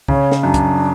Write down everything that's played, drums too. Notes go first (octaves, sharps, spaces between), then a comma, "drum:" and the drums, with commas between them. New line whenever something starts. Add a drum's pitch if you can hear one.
C#3 C#5, drum: kick
drum: snare
F#2 D4
drum: kick, hi-hat